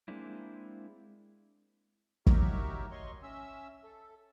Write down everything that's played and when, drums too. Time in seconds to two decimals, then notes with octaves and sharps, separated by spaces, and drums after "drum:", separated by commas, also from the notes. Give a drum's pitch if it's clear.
0.08 G#3 A#3 C4 D4 E4
2.27 D#4 F#4 G4 A#4 C#5 E5, drum: kick
2.91 C#5 D#5 C6 C#6
3.23 C#4 E5 E6
3.84 A4